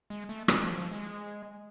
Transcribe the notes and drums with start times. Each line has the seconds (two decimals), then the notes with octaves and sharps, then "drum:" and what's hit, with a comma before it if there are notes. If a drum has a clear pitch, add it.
0.10 G#3
0.29 A3
0.48 G#3, drum: rim click
0.63 F3
0.78 F3
0.92 G#3